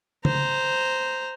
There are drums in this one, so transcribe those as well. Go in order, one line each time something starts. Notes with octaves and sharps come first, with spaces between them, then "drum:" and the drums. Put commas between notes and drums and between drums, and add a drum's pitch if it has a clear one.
C5 A#5, drum: tom